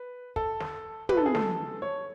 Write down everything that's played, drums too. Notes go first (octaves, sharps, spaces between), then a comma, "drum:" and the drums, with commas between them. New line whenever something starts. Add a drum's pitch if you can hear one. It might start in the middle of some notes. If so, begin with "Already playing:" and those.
Already playing: B4
A4, drum: kick
drum: snare
B4, drum: tom
A4
G#4
A4, drum: snare
C#5